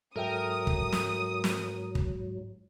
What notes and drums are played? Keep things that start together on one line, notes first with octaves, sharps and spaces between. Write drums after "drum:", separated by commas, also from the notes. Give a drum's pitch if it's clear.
G#2 F#3 A4 A#4 E5 G5 D#6
drum: kick
drum: snare
drum: snare
drum: kick